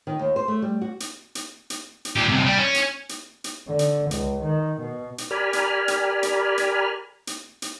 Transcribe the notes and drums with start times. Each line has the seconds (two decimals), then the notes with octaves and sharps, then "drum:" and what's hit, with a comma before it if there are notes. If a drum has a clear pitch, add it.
0.07 D#3
0.19 D#2
0.36 C5
0.48 A3
0.62 G3
0.82 F#4
1.00 drum: hi-hat
1.35 drum: hi-hat
1.70 drum: hi-hat
2.05 drum: hi-hat
2.16 A#2 G4
2.28 B1 C3
2.46 G3
2.58 C#4
2.74 drum: hi-hat
3.09 drum: hi-hat
3.44 drum: hi-hat
3.68 D3
3.79 drum: hi-hat
4.11 C#2, drum: hi-hat
4.43 D#3
4.80 B2
5.18 drum: hi-hat
5.31 G4 A#4 D5 G#5 B5 F6
5.53 drum: hi-hat
5.88 drum: hi-hat
6.23 drum: hi-hat
6.58 drum: hi-hat
7.27 drum: hi-hat
7.62 drum: hi-hat